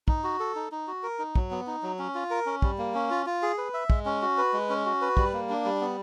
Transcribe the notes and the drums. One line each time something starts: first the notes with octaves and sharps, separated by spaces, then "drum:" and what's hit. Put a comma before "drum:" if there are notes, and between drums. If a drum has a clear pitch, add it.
D#4, drum: kick
F#4
A4
D#4
D#4
F#4
A#4
D#4
F#3, drum: kick
B3
D#4
F#3
C#4
F4
A#4
C#4
G3, drum: kick
A#3
C#4
F4
F4
G#4
B4
E5
G#3, drum: kick
C#4
F#4
B4
G#3
C#4
F#4
B4
G3, drum: kick
A#3
D4
G3
B3